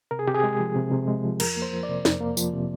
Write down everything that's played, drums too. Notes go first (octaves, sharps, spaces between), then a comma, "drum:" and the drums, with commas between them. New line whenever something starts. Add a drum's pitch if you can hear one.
C3 A#4
G#4
C3 G4
G#4
G#3
F3
C3
C3
G#3
F3
F2 A#4, drum: cymbal
A#3
C5
F3
D5
C3
F2, drum: snare
A#3
F3, drum: tambourine
C3